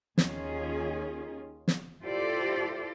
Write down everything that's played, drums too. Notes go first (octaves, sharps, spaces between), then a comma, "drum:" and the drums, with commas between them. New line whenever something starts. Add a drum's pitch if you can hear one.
D#2 D#3 C#4 F4 G#4, drum: snare
drum: snare
E4 F4 G4 A4 C5 D5